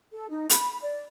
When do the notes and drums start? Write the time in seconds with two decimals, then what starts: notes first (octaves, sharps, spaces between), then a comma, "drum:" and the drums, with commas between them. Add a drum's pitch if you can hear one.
0.12 A4
0.29 D#4
0.50 B5, drum: hi-hat
0.81 D5